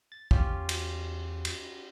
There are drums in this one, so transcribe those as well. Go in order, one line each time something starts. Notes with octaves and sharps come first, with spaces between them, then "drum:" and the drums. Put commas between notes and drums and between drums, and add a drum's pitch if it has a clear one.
A6
E2 C#4 F4 G4, drum: kick
drum: cymbal
drum: cymbal